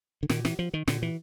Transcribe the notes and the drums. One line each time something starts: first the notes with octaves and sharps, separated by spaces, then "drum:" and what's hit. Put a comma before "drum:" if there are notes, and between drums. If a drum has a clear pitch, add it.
D3
A#2 D#3, drum: snare
E3, drum: snare
F3
D#3
A#2 D3, drum: snare
E3